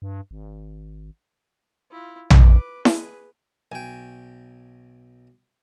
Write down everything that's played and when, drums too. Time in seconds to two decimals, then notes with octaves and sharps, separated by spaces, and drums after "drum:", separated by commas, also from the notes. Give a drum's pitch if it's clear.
0.02 G2
0.31 G#1
1.91 E4 F4
2.30 B4 D6, drum: tom A#1
2.85 G#4 B4, drum: snare E4
3.72 B1 G5 G#5